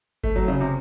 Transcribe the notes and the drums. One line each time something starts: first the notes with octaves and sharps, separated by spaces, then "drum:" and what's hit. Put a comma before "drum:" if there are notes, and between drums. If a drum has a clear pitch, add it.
A3, drum: kick G1
F#3
C#3
C3